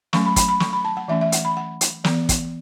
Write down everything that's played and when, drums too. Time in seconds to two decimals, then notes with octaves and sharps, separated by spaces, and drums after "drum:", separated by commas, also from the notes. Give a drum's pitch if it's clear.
0.13 F#3 A3 C#4 C#6, drum: snare
0.25 B5
0.36 B5, drum: kick, hi-hat
0.49 B5
0.60 C#6, drum: snare
0.73 B5
0.85 A5
0.97 F#5
1.08 E3 A3 C#4 E5
1.21 E5
1.32 F#5, drum: hi-hat
1.45 B5
1.57 F#5
1.81 drum: hi-hat
2.04 E3 B3, drum: snare
2.29 drum: kick, hi-hat